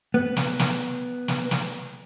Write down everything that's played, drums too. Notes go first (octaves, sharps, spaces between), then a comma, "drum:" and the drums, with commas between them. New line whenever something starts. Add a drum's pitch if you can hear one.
B3
drum: snare
drum: snare
drum: snare
drum: snare